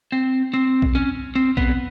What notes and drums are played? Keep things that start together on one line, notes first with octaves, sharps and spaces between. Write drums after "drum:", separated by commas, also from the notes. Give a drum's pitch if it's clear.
C4
C4
drum: kick A#1
C#4
C4
B3, drum: kick A#1